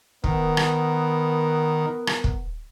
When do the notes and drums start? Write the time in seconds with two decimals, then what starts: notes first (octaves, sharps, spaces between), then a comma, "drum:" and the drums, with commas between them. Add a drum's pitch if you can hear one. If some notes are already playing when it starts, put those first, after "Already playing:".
0.24 D#3 B3 A#4, drum: kick
0.57 drum: rim click
2.07 drum: rim click
2.24 drum: kick